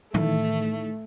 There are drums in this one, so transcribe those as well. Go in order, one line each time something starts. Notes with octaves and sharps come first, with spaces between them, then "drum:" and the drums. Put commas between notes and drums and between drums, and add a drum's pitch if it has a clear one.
D#3 E3 A3, drum: tom